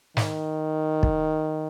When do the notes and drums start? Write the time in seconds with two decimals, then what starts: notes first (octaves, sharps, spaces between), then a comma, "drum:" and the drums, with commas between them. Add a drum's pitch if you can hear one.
0.17 D#3, drum: snare
1.03 drum: kick